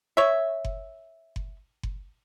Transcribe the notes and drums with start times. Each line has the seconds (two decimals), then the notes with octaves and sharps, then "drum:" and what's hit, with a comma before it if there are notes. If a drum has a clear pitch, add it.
0.17 C#5 E5
0.65 drum: kick F#1
1.36 drum: kick F#1
1.83 drum: kick F#1